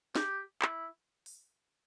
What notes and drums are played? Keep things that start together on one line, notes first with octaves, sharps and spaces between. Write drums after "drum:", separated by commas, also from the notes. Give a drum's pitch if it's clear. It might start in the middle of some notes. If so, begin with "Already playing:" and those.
G4, drum: snare
E4, drum: clap
drum: open hi-hat